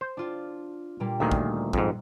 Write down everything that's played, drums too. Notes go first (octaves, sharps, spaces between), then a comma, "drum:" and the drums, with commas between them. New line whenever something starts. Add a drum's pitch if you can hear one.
C5
D4 F4
A#2 G3 A#3
D2 A#2 D#3 E5 C7
drum: kick
F2 G#2, drum: kick